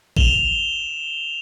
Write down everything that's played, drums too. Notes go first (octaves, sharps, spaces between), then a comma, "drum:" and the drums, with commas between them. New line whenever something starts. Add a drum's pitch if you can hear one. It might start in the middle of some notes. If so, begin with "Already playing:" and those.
E7 F7 G7, drum: kick G#1